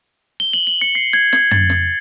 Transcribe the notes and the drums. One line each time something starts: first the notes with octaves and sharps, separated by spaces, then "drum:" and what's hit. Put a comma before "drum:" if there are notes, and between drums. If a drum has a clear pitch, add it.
G7
F#7
F#7
C#7
C7
G#6
G#6, drum: snare
A6, drum: tom
drum: snare